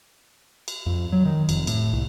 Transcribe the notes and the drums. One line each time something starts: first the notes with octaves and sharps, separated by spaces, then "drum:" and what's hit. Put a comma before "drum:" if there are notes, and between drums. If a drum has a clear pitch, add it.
drum: cymbal
F2
F#3
D#3
F1, drum: cymbal
A2, drum: cymbal
C2